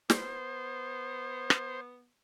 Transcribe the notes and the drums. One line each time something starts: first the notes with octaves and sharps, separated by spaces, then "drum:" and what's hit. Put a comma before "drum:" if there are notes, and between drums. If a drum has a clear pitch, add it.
B3 C5, drum: snare
drum: rim click